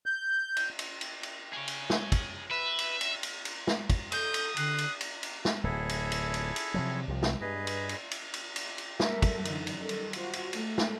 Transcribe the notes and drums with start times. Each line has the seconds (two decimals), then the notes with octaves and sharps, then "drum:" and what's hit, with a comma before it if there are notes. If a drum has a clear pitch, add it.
0.06 G6
0.57 drum: cymbal
0.79 drum: cymbal
1.01 drum: cymbal
1.23 drum: cymbal
1.53 G#4 C#5
1.68 drum: cymbal
1.90 drum: snare
2.12 drum: kick, cymbal
2.51 B4 E5
2.79 drum: cymbal
3.01 drum: cymbal
3.23 drum: cymbal
3.45 drum: cymbal
3.67 drum: snare
3.90 drum: kick, cymbal
4.12 A4 D#6 G6, drum: cymbal
4.34 drum: cymbal
4.57 D3 F#6 C7, drum: cymbal
4.78 drum: cymbal
5.01 drum: cymbal
5.23 drum: cymbal
5.45 drum: snare
5.63 D1 E4 G#4 A4
5.89 drum: cymbal
6.12 drum: cymbal
6.34 drum: cymbal
6.56 drum: cymbal
6.74 C3 F3 F#3
7.08 C2 C3 F3
7.23 drum: snare
7.41 G2 G#4 B4 D#5
7.67 drum: cymbal
7.89 drum: cymbal
8.11 drum: cymbal
8.34 drum: cymbal
8.56 drum: cymbal
8.78 drum: cymbal
9.00 F#3 G3 A#3 A4 A#4 E5, drum: snare
9.22 drum: kick, cymbal
9.45 F#2 D3 E3 D#4, drum: cymbal
9.67 drum: cymbal
9.79 D#3 G3 A4
9.89 drum: cymbal
10.13 F4 F#4 C5, drum: cymbal
10.33 drum: cymbal
10.53 A3 A4, drum: cymbal
10.78 drum: snare